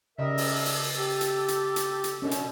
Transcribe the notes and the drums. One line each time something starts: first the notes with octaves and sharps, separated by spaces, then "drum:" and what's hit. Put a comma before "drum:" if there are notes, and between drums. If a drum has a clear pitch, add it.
C#3 G3 A#4 D#5 E5
A4, drum: open hi-hat
drum: open hi-hat
G4
drum: hi-hat
drum: hi-hat
drum: hi-hat
drum: hi-hat
F#2 B2 C#4 D4
drum: hi-hat